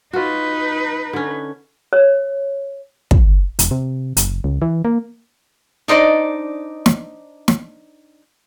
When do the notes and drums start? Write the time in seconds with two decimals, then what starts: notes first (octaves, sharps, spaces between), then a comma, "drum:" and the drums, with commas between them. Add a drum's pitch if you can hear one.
0.13 D#4 F4 F#4 B4
1.13 D3 C#4
1.93 C#5
3.11 drum: kick
3.59 E1, drum: hi-hat
3.71 C3
4.17 F#1, drum: hi-hat
4.44 C#2
4.62 E3
4.85 A#3
5.88 D4 D#4 C5 D5 D#5
6.86 drum: snare
7.48 drum: snare